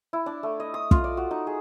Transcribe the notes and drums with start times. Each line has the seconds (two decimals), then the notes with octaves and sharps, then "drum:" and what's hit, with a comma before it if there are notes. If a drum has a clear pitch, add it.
0.13 E4
0.26 D4
0.43 A3
0.60 D#5
0.74 D#6
0.91 F4, drum: kick
1.04 D5
1.17 F#4
1.31 D#4
1.47 G#4